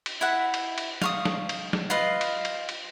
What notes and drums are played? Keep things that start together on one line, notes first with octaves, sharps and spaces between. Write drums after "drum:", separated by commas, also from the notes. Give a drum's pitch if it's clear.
drum: cymbal
E4 E5 F#5
drum: cymbal
drum: cymbal
F5 C#6 D#6, drum: snare
drum: snare
drum: cymbal
drum: snare
F4 B4 D#5 F5
drum: cymbal
drum: cymbal
drum: cymbal